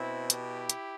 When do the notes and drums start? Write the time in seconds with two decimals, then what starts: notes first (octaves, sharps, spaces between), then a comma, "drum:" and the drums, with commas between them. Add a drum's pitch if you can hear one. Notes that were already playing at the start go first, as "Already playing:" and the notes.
Already playing: B2 C4 E4
0.30 E4 G4, drum: hi-hat
0.70 drum: hi-hat